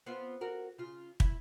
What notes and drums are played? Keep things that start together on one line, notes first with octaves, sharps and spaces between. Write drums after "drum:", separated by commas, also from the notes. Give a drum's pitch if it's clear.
B3 C4 F4
F#4 A#4
C#3 F4
E4, drum: kick